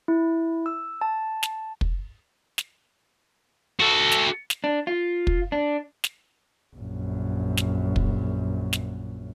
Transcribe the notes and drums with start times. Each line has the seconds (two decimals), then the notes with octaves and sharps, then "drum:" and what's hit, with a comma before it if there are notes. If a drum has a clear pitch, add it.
0.08 E4
0.66 E6
1.01 A5
1.43 drum: snare
1.81 drum: kick
2.58 drum: snare
3.80 F#4 A4
4.12 drum: snare
4.50 drum: snare
4.64 D4
4.87 F4
5.27 drum: kick
5.52 D4
6.04 drum: snare
6.76 A#1 F#2
7.57 drum: snare
7.96 drum: kick
8.73 drum: snare